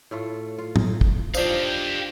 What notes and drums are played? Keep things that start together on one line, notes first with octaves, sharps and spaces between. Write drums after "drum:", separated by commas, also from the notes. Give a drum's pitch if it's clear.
A2 A3 F4
F4
drum: tom
drum: kick
F3 D4 D#4 G4 C5 F5, drum: tambourine